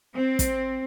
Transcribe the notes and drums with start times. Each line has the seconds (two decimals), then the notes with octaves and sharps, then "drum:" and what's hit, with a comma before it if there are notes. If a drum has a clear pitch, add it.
0.15 C4
0.39 drum: kick, hi-hat